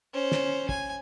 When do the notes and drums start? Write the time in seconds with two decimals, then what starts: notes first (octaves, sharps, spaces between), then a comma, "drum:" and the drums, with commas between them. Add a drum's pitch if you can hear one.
0.13 C#4 C5
0.32 drum: snare
0.69 G#5, drum: kick